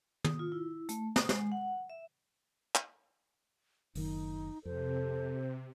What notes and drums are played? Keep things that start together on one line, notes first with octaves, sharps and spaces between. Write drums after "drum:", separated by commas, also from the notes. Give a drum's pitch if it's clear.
D#6, drum: tom
F4
E4
A3, drum: hi-hat
D#6, drum: snare
G#3, drum: snare
F#5
E5
drum: clap
F#1 D#3 D#4, drum: open hi-hat
F2 C3 A4 C5